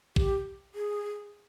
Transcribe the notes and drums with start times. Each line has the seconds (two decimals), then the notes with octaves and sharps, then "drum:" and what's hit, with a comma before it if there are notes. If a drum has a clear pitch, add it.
0.16 G4, drum: kick
0.75 G#4